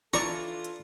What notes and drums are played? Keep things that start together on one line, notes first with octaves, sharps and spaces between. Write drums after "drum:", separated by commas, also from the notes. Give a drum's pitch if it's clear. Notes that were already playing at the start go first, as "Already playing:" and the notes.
E3 D4 F4 A4 D5 A#5 C#6, drum: snare
drum: hi-hat